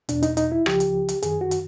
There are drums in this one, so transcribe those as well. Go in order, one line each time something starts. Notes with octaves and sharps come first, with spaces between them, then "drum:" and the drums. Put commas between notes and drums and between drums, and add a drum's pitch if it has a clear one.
E2 B2 D4, drum: hi-hat
D#4, drum: hi-hat
D#4, drum: hi-hat
E4
C#2 C#3 F3 G4, drum: rim click
drum: hi-hat
drum: hi-hat
F#2 D#3 G#4, drum: hi-hat
F#4
drum: hi-hat